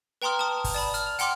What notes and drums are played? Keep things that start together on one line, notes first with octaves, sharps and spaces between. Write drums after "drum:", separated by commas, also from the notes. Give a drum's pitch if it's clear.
B4 G5 A#5 C6 D#6 F6
A5 D#6
drum: kick, open hi-hat
D5 A5 B5
F6, drum: hi-hat
F7
F#5 G5 C6 D6 F6, drum: hi-hat